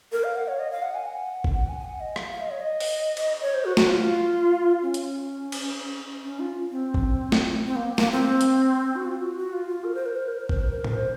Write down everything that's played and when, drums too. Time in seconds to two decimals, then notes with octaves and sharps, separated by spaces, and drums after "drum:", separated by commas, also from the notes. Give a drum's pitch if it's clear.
0.12 A#4
0.24 F5
0.36 F#5
0.48 C#5
0.59 D#5
0.71 F5
0.83 F#5
0.95 G#5
1.06 F#5
1.44 drum: kick G#1
1.54 F#5
1.69 G#5
1.79 G#5
1.85 F#5
2.00 D#5
2.16 F5, drum: rim click
2.32 F5
2.41 D#5
2.50 C#5
2.60 D#5
2.80 drum: open hi-hat
3.17 drum: cymbal
3.42 C#5
3.54 C5
3.65 F#4
3.77 F#4, drum: snare A3
3.88 F4
4.83 C#4
4.94 drum: hi-hat
5.52 drum: cymbal
6.23 C#4
6.40 F4
6.71 C4
6.94 drum: kick G#1
7.32 drum: snare A3
7.65 C4
7.76 A#3
7.98 A#3, drum: snare A3
8.12 C4
8.41 drum: hi-hat
8.95 F#4
9.06 F4
9.22 F#4
9.37 F#4
9.53 F4
9.69 F4
9.84 A#4
9.95 C5
10.06 A#4
10.16 C5
10.28 A#4
10.38 C5
10.49 A#4, drum: kick G#1
10.60 C5
10.71 A#4
10.84 drum: tom A2
10.94 C5